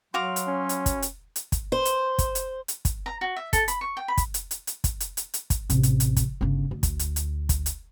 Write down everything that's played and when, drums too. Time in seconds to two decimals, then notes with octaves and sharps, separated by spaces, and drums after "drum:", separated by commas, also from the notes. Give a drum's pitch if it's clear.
0.14 F#3 F#4 F5 C6 D6
0.36 drum: hi-hat
0.47 C#4
0.69 drum: hi-hat
0.86 drum: kick, hi-hat
1.02 drum: hi-hat
1.36 drum: hi-hat
1.52 drum: kick, hi-hat
1.72 C5
1.85 drum: hi-hat
2.18 drum: kick, hi-hat
2.35 drum: hi-hat
2.68 drum: hi-hat
2.85 drum: kick, hi-hat
3.06 A#5
3.21 F#4
3.36 E5
3.53 A4, drum: kick, hi-hat
3.68 B5, drum: hi-hat
3.81 C#6
3.97 G5
4.08 B5
4.18 drum: kick, hi-hat
4.34 drum: hi-hat
4.51 drum: hi-hat
4.67 drum: hi-hat
4.84 drum: kick, hi-hat
5.00 drum: hi-hat
5.17 drum: hi-hat
5.34 drum: hi-hat
5.50 drum: kick, hi-hat
5.70 A1 C3, drum: hi-hat
5.83 drum: hi-hat
6.00 drum: hi-hat
6.17 drum: kick, hi-hat
6.41 G1 C#3
6.71 D2
6.83 drum: kick, hi-hat
6.99 drum: hi-hat
7.16 drum: hi-hat
7.49 drum: kick, hi-hat
7.66 drum: hi-hat